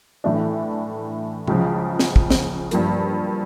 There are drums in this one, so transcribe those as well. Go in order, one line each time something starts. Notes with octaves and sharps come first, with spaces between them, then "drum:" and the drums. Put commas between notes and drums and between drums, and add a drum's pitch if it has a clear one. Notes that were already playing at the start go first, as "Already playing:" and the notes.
A2 E3 A3 D4
C#2 C#3 F3, drum: tom C3
drum: snare
drum: kick
drum: snare
G2 F3 A#3, drum: hi-hat